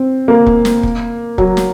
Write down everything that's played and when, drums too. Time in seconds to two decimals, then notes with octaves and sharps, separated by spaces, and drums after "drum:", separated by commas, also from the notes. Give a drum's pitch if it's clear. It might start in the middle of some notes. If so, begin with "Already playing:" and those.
Already playing: C4
0.28 A#3
0.46 drum: kick
0.65 drum: snare
0.83 drum: kick
1.38 F#3, drum: kick
1.57 drum: snare